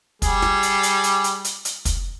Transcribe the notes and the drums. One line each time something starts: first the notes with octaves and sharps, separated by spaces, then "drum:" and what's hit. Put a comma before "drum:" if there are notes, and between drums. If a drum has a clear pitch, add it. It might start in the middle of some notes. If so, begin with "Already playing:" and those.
G3 G#4, drum: kick, hi-hat
drum: snare
drum: hi-hat
drum: hi-hat
drum: hi-hat
drum: hi-hat
drum: hi-hat
drum: hi-hat
drum: kick, hi-hat